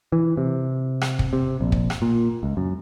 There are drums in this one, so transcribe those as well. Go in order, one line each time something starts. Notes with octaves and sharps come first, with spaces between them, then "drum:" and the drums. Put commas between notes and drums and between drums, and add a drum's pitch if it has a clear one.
E3
C3
drum: rim click
drum: kick
C3
A#1
drum: kick
drum: rim click
A#2
C#2
F#2